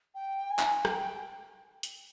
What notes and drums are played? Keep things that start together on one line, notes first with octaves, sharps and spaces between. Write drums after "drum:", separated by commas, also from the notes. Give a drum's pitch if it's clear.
G5
G#5
drum: clap
G5, drum: rim click
drum: hi-hat